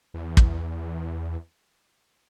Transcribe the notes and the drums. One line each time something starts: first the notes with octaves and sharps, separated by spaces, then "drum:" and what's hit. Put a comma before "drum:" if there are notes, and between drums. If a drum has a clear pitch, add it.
E2
drum: kick